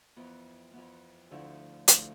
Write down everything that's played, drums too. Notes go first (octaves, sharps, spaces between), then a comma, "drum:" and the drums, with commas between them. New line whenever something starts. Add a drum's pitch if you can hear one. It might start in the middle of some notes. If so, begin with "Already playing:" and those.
F2 E3 B3
F2 E3 B3
D2 D3 F3 A3 E4
D2 D3 F3 A3 E4, drum: hi-hat